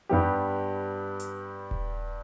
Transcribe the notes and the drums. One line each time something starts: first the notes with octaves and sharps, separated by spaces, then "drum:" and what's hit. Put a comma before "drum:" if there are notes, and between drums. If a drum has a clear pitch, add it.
G2 G3 B3 G4
drum: hi-hat
drum: kick D#1